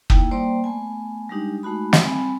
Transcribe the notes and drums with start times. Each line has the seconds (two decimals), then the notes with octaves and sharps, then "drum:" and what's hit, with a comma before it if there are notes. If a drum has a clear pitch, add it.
0.10 A#3 D#4 E4 G5, drum: kick
0.31 G3 A#3 C5 D5 G5 C6
0.64 A3 B3 G#5
1.29 G3 G#3 D4 D#4 G4
1.63 G#3 A3 D#4 F#4 B5
1.93 drum: snare
2.03 G3 C4 G#5 B5